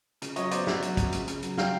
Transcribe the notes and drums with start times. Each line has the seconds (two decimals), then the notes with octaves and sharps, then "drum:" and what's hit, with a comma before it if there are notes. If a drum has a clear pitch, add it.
0.22 C#3, drum: hi-hat
0.36 F#3 C#5 D#5, drum: hi-hat
0.51 B3 C5 D5, drum: hi-hat
0.67 F#3 E5 F#5, drum: snare
0.82 F#3, drum: hi-hat
0.97 C#3, drum: kick, hi-hat
1.12 C#3, drum: hi-hat
1.28 C#3, drum: hi-hat
1.42 F#3, drum: hi-hat
1.58 F#3 F5 G5, drum: snare